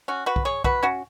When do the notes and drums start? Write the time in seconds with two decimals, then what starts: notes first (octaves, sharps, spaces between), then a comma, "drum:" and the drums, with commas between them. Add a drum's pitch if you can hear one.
0.08 C#4 F#4
0.26 F#4 B4
0.36 drum: kick
0.45 G#4 C#5
0.64 F#4 B4, drum: kick
0.83 C#4 F#4